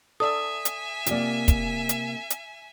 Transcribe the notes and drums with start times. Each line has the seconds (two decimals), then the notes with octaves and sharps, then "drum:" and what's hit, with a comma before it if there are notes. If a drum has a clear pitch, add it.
0.20 A4 D5 E5 G#5 D#6 E6
0.65 drum: hi-hat
1.06 C3 A#3 F4 D5, drum: hi-hat
1.48 drum: kick, hi-hat
1.89 drum: hi-hat
2.30 drum: hi-hat